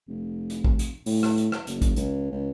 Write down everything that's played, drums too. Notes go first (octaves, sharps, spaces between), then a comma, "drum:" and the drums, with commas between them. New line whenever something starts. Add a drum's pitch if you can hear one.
F1
drum: hi-hat
drum: kick
drum: hi-hat
A2, drum: open hi-hat
drum: rim click
drum: hi-hat
drum: rim click
F#1, drum: hi-hat
drum: kick, hi-hat
C#2, drum: hi-hat
C#2